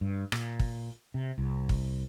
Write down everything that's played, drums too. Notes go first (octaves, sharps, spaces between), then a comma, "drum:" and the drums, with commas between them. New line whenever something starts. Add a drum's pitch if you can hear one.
G2
A#2, drum: rim click
drum: kick
C3
C2
drum: kick